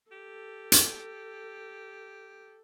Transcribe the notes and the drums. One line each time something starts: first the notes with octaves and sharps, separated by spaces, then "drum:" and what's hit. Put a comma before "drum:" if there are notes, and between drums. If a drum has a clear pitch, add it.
G4 A4
drum: hi-hat